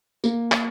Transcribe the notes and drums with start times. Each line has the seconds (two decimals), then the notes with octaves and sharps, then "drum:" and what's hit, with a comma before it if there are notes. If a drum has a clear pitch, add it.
0.24 A#3, drum: tambourine
0.52 drum: clap